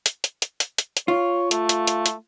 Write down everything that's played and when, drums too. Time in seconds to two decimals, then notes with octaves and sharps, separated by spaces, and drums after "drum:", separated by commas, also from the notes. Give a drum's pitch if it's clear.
0.06 drum: hi-hat
0.24 drum: hi-hat
0.42 drum: hi-hat
0.60 drum: hi-hat
0.78 drum: hi-hat
0.97 drum: hi-hat
1.08 F4 C#5
1.51 A3, drum: hi-hat
1.69 drum: hi-hat
1.87 drum: hi-hat
2.06 drum: hi-hat